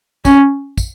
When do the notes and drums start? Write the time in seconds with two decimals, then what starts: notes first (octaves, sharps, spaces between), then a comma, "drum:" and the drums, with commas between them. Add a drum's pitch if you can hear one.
0.25 C#4, drum: kick, tambourine
0.78 drum: kick, tambourine